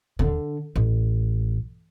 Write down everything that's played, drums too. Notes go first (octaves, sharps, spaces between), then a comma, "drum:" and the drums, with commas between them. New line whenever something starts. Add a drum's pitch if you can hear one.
D3, drum: kick D#2
A1